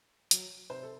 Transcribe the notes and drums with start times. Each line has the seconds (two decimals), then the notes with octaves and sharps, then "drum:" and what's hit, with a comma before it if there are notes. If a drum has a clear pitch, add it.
0.31 F#3, drum: hi-hat
0.70 C3 C5
0.83 A4